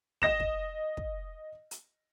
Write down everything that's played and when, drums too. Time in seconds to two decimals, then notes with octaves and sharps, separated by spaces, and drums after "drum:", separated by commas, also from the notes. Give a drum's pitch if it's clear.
0.22 D#5 A#6 E7, drum: kick
0.40 drum: kick
0.97 drum: kick
1.71 drum: hi-hat